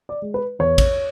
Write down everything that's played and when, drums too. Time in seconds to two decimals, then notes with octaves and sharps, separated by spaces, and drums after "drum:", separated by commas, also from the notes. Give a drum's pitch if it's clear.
0.09 D5
0.22 G#3
0.34 B4
0.59 E2 C#5
0.78 drum: kick, cymbal